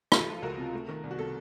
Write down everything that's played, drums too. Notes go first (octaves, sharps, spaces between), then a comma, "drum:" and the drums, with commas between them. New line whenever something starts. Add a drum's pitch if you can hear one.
A3 F4 A4, drum: rim click
F3
C#2 F#4 A#4
C3
A3
D#3
C2
F#4
C3 A4